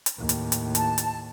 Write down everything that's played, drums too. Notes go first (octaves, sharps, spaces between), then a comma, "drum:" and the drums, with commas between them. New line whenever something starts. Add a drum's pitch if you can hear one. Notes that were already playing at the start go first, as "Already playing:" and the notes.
drum: hi-hat
D#2 A2
drum: hi-hat
drum: hi-hat
A5, drum: hi-hat
drum: hi-hat